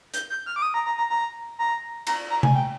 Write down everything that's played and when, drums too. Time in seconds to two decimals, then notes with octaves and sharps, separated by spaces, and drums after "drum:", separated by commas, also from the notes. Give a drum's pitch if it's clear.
0.14 G6, drum: hi-hat
0.30 G6
0.46 F6
0.56 D6
0.62 D#6
0.74 A#5
0.86 A#5
0.98 A#5
1.10 A#5
1.59 A#5
2.07 A#5, drum: cymbal
2.30 A#5
2.43 G#5, drum: tom C3
2.55 G5